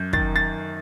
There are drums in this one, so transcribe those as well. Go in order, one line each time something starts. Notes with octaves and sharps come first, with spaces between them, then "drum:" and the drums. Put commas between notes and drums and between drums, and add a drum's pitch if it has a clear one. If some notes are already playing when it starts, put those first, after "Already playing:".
Already playing: F#2 G6
D#3 A6, drum: kick
A6